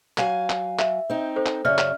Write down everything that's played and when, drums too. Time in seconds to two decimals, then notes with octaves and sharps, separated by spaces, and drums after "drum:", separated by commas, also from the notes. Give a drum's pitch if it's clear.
0.18 F#3 F5 G#5, drum: clap
0.50 drum: clap
0.79 E5, drum: clap
1.10 C4 D#4
1.36 A4 C5
1.46 drum: clap
1.65 F#2 C#3 C#4 D5 E5 F6
1.78 drum: clap